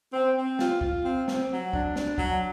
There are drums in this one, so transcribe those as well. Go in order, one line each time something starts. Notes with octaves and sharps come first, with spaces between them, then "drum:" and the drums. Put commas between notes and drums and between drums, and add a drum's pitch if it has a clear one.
C4
C4
F4, drum: snare
F4, drum: kick
C4
C4, drum: snare
F#3
D4, drum: kick
D4, drum: snare
F#3, drum: kick